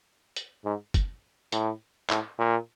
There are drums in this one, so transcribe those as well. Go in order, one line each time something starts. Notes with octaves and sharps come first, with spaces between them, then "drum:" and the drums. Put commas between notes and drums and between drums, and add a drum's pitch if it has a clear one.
drum: hi-hat
G#2
drum: kick F#1, hi-hat
A2, drum: hi-hat
A2, drum: clap
A#2